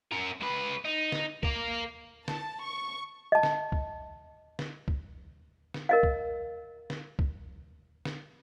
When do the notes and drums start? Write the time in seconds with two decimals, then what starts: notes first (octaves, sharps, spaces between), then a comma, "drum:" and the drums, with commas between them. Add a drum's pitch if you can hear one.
0.12 C#4 A#4
0.41 C#2 B4
0.85 D#4
1.12 drum: snare
1.43 A#4 F5, drum: kick C2
2.28 A5, drum: snare
2.63 C#6
3.32 D#5 A5
3.43 drum: snare
3.72 drum: kick C2
4.59 drum: snare
4.88 drum: kick C2
5.74 drum: snare
5.89 A#4 D#5 F5
6.03 drum: kick C2
6.90 drum: snare
7.19 drum: kick C2
8.05 drum: snare